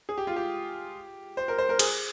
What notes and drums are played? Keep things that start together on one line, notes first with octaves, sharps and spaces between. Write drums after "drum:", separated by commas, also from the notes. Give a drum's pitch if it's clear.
G#4
G4
F4
G4
C5
A#4
C5
A#4
G#4, drum: cymbal